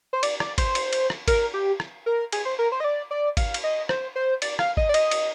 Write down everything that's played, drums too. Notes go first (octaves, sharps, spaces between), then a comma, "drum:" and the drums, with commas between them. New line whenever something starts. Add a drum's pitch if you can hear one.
C5
D5, drum: cymbal
D5, drum: rim click
C5, drum: kick G#1, cymbal
drum: cymbal
drum: cymbal
drum: rim click
A#4, drum: kick G#1, cymbal
G4
drum: rim click
A#4
G#4, drum: cymbal
C5
A#4
C5
D#5
D5
D5
F5, drum: kick G#1, cymbal
drum: cymbal
D#5
C5, drum: rim click
C5
D5, drum: cymbal
F5, drum: rim click
D#5, drum: kick G#1
D5
D#5, drum: cymbal
drum: cymbal